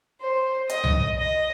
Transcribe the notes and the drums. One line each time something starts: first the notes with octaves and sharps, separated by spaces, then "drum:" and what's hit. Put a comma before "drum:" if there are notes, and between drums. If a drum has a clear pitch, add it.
C5
D#5, drum: hi-hat
drum: tom C2
D#5